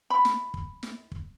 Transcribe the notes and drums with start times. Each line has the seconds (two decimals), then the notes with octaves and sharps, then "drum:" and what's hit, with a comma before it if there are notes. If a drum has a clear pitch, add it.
0.10 B5
0.25 drum: snare
0.54 drum: kick
0.83 drum: snare
1.12 drum: kick